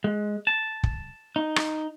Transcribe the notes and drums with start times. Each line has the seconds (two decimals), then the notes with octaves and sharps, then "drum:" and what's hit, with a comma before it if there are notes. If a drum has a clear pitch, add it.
0.04 G#3
0.47 A5
0.83 drum: kick
1.36 D#4
1.56 drum: rim click